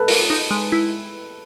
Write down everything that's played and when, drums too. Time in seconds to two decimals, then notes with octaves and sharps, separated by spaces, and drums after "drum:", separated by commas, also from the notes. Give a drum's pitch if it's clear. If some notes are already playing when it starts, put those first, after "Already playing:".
Already playing: A4 B4
0.08 A#4, drum: open hi-hat
0.30 D#4
0.51 G#3
0.72 E4